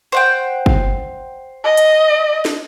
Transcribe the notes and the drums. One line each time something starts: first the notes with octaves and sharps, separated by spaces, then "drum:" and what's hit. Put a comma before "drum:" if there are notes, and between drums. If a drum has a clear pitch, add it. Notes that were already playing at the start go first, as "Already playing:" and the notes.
C5 F#5 G5
drum: kick
D#5
drum: hi-hat
drum: snare